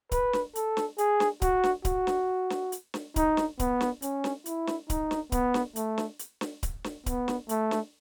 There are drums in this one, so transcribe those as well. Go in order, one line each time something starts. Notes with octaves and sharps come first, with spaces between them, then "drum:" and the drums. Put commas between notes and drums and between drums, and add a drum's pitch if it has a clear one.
B4, drum: kick D1, hi-hat
drum: snare
A4, drum: hi-hat
drum: snare
G#4, drum: hi-hat
drum: snare
F#4, drum: kick D1, hi-hat
drum: snare
F#4, drum: kick D1, hi-hat
drum: snare
drum: snare
drum: hi-hat
drum: snare
D#4, drum: kick D1, hi-hat
drum: snare
B3, drum: kick D1, hi-hat
drum: snare
C#4, drum: hi-hat
drum: snare
E4, drum: hi-hat
drum: snare
D#4, drum: kick D1, hi-hat
drum: snare
B3, drum: kick D1, hi-hat
drum: snare
A3, drum: hi-hat
drum: snare
drum: hi-hat
drum: snare
drum: kick D1, hi-hat
drum: snare
B3, drum: kick D1, hi-hat
drum: snare
A3, drum: hi-hat
drum: snare